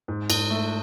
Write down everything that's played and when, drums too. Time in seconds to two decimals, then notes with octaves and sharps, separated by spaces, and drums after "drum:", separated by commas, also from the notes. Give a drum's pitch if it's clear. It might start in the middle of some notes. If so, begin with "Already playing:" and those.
0.08 G#2
0.30 G#2, drum: cymbal
0.50 A3